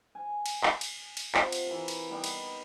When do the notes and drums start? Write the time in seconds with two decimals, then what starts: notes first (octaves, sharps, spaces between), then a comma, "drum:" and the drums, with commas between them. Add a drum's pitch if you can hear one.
0.15 G#5
0.46 drum: cymbal
0.63 drum: clap
0.81 drum: cymbal
1.17 drum: cymbal
1.35 C3 F4 F#5, drum: clap
1.52 drum: cymbal
1.67 E3 A#4
1.88 drum: cymbal
2.11 G3 B3 D#4
2.24 drum: cymbal